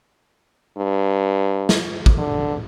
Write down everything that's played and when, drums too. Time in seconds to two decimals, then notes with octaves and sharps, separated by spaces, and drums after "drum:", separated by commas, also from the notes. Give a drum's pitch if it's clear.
0.77 G2
1.69 drum: snare
2.06 drum: kick
2.18 D3